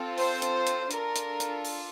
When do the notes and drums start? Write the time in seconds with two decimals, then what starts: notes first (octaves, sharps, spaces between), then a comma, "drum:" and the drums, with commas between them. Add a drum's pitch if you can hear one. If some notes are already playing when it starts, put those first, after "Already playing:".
Already playing: C4 F4 A4
0.18 C5, drum: open hi-hat
0.42 drum: hi-hat
0.67 drum: hi-hat
0.91 D4 F4 A4 A#4, drum: hi-hat
1.16 drum: hi-hat
1.40 drum: hi-hat
1.65 drum: open hi-hat